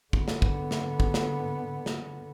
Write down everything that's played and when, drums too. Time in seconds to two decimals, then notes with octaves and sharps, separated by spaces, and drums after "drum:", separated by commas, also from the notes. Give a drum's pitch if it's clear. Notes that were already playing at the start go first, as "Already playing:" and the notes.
0.13 D3 B3, drum: kick
0.28 drum: snare
0.42 drum: kick
0.71 drum: snare
1.00 drum: kick
1.14 drum: snare
1.86 drum: snare